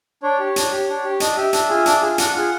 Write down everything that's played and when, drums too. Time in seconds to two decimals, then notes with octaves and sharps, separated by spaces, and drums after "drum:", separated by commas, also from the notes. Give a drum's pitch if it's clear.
0.23 D4 C#5
0.39 G4
0.56 D4, drum: hi-hat
0.71 G4
0.88 D4
1.04 G4
1.20 D4 D#5, drum: hi-hat
1.37 G4 E5
1.53 D4, drum: hi-hat
1.69 F4 G#4
1.86 D4, drum: hi-hat
2.01 F4 G#4
2.18 D4 F#5, drum: hi-hat
2.34 F4 G#4